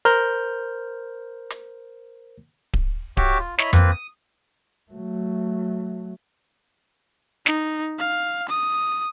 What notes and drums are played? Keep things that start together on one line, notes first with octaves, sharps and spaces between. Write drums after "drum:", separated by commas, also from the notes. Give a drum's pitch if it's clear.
A#4 C5 F6 G6
drum: hi-hat
drum: kick D1
F#4 G4 C#5 E5 D6, drum: kick D1
F4
E4 C#5 D#5 E5 A#5 B5, drum: snare
A#3 C4 F4 B4, drum: tom F2
D#6
F#3 A3
D#4, drum: snare
F5
D#6